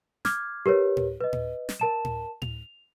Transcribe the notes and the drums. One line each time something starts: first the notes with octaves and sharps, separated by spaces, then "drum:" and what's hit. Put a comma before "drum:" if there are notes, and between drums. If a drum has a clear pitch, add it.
D6 F6 G#6, drum: snare
G4 A#4 B4 C#5
drum: tom A2
B4 D#5
drum: tom A2
drum: snare
A#4 A5 E7
drum: tom A2
F7, drum: tom A2